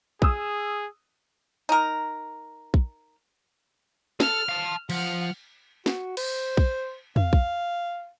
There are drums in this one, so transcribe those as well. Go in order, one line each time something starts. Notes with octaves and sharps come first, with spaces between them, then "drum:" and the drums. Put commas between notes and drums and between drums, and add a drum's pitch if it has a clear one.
G#4 D#6 E6, drum: kick A#1
D#4 A#4
drum: kick A#1
A4 F6, drum: snare
F5 A5
F3 F#5 F6, drum: cymbal
F#4, drum: snare
C5, drum: cymbal
drum: kick A#1
F5, drum: tom
drum: kick A#1